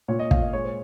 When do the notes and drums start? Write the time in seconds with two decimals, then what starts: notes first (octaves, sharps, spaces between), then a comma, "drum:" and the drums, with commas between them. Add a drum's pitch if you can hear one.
0.08 A#2 C#5
0.19 D#5
0.31 A#2 F5, drum: kick
0.42 D#5
0.53 G#3 C#5
0.64 C5